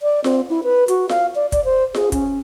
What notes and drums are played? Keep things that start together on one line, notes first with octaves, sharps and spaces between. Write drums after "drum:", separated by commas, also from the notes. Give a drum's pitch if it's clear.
D5
C4, drum: snare F4
E4
B4
F#4, drum: hi-hat
F5, drum: snare F4
D5
D5, drum: kick, hi-hat
C5
G#4, drum: snare F4
C#4, drum: kick, hi-hat